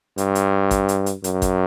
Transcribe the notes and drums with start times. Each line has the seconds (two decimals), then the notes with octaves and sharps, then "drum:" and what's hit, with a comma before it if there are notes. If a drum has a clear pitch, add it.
0.18 G2, drum: hi-hat
0.35 drum: hi-hat
0.71 drum: kick G#1, hi-hat
0.89 drum: hi-hat
1.06 drum: hi-hat
1.24 F#2, drum: hi-hat
1.42 drum: kick G#1, hi-hat